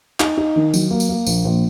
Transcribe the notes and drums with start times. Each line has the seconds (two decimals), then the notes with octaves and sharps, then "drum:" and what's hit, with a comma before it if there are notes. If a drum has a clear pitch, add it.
0.20 D#4, drum: clap
0.37 D#4
0.56 D#3
0.74 F#3, drum: tambourine
0.91 A#3
1.00 drum: tambourine
1.09 A#3
1.27 A#1, drum: tambourine
1.45 A#1